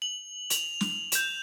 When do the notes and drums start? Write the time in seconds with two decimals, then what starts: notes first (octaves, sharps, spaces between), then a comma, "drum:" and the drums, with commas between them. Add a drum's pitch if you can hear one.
0.02 F#7
0.50 F7 F#7, drum: hi-hat
0.81 drum: snare
1.12 G6 E7, drum: hi-hat